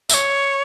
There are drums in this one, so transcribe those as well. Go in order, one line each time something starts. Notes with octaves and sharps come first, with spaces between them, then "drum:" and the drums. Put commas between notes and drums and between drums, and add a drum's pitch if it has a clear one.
E5, drum: tambourine
C#5